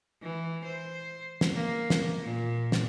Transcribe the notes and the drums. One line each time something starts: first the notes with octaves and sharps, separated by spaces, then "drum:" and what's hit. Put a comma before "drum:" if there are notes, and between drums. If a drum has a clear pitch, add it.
E3
C5
drum: snare
A#3
drum: snare
A#2
drum: snare